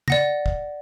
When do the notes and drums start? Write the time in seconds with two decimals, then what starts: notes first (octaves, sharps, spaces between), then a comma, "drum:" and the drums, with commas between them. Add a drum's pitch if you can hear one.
0.08 D5 F#5 A#6, drum: tom
0.46 drum: kick